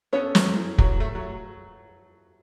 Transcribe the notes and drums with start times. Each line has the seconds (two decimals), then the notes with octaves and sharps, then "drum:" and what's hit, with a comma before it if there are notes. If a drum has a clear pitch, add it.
0.13 B3 C#4 A4 C#5
0.35 F#3, drum: snare
0.56 E3
0.78 F#3, drum: kick
1.00 A3
1.15 F#3